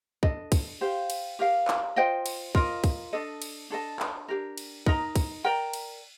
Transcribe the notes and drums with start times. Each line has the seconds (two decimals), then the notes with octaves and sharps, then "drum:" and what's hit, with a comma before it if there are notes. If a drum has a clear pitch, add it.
0.23 D4 A4 D#5, drum: kick
0.52 drum: kick, cymbal
0.81 G4 C5 F5
1.10 drum: cymbal
1.39 G4 A#4 F5
1.68 drum: clap
1.96 F4 C5 D#5 G5
2.26 drum: cymbal
2.55 F4 A#4 D#5, drum: kick
2.84 drum: kick, cymbal
3.13 D4 A4 D#5
3.42 drum: cymbal
3.70 D4 A4 D#5 A5
4.00 drum: clap
4.28 D4 G4 A#4
4.58 drum: cymbal
4.86 D#4 A#4 D#5 A#5, drum: kick
5.16 drum: kick, cymbal
5.44 A#4 D5 G5 A#5
5.73 drum: cymbal